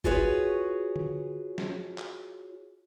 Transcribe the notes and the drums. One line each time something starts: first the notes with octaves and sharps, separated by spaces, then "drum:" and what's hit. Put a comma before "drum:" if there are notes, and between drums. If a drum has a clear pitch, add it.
F4 F#4 G#4 B4 C#5, drum: kick G1
drum: tom D3
drum: snare
drum: clap